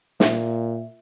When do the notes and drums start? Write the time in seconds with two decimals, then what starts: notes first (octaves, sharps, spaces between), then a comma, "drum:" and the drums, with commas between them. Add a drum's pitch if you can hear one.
0.20 A#2 E5, drum: snare